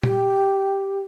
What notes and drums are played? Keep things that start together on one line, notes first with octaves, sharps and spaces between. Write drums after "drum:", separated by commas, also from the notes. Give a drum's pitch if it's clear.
G4, drum: tom A#2